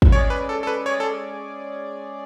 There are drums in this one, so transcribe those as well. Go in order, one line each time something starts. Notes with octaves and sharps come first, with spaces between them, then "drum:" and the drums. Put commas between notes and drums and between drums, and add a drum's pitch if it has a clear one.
drum: kick
G#3 C#4 G#4 C#5 D5
B4
A4
A4
B4
G#3 C#4 G#4 C#5 D5
A4